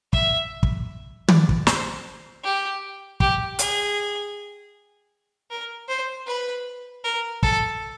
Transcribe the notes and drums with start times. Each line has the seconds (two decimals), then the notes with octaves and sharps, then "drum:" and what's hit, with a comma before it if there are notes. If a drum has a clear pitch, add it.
0.13 E5, drum: kick
0.63 drum: kick
1.28 D5, drum: tom
1.49 drum: kick
1.67 C5, drum: snare
2.44 G4
3.20 G4, drum: kick
3.59 G#4, drum: hi-hat
5.51 A#4
5.88 C5
6.27 B4
7.04 A#4
7.43 A4, drum: kick